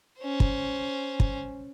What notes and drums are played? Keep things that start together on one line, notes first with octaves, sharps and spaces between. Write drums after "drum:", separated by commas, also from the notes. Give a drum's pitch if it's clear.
C#4 C5
drum: kick
drum: kick